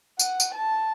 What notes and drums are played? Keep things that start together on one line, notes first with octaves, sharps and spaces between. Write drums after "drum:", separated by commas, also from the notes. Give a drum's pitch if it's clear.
F#5, drum: tambourine
drum: tambourine
A5